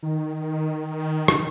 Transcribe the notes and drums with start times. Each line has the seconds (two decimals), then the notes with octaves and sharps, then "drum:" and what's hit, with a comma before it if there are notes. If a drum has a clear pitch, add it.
0.03 D#3
1.28 drum: rim click